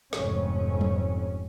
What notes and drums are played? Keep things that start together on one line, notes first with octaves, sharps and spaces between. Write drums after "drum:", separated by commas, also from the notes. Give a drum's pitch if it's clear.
F1 F2 G#2 C#4, drum: snare
drum: tom